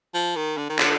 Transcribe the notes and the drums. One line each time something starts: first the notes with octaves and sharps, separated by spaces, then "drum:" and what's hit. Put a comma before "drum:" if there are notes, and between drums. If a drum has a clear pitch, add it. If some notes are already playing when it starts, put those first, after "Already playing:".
F3
D#3
D3
D#3
D3, drum: clap